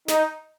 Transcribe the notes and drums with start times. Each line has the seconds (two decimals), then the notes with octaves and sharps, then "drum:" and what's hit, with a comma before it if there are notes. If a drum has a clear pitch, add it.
0.08 D#4, drum: snare